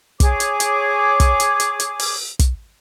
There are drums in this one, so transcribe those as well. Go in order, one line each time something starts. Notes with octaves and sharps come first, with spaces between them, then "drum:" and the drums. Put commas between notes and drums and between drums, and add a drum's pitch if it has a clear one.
G#4 C#5 D6, drum: kick, hi-hat
drum: hi-hat
drum: hi-hat
drum: kick, hi-hat
drum: hi-hat
drum: hi-hat
drum: hi-hat
drum: open hi-hat
drum: kick, hi-hat